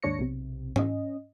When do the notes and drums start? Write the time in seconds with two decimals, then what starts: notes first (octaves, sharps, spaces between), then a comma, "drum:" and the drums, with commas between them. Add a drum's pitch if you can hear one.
0.03 D#2 G#2 D4 C#5 A#6 C#7
0.19 B1 C3
0.76 C#4 D#5, drum: tom G#2